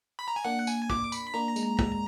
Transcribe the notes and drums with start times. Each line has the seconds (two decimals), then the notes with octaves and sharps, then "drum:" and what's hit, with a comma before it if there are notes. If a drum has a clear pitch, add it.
0.19 B5
0.28 A#5
0.36 G#5
0.44 A#3 D4 F#5
0.67 G#5, drum: tambourine
0.90 D6, drum: kick
1.12 B5, drum: tambourine
1.34 A#3 D4 A#5
1.56 G#3, drum: tambourine
1.79 G#3, drum: kick